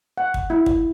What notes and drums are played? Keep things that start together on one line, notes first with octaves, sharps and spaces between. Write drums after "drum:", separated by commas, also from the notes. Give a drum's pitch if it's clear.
F#5
drum: kick
E4
drum: kick